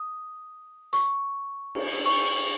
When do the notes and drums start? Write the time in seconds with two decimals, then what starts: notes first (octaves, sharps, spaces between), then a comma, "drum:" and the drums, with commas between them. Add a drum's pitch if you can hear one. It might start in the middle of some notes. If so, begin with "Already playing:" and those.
Already playing: D#6
0.93 C#6, drum: hi-hat
1.75 drum: cymbal
2.06 C#6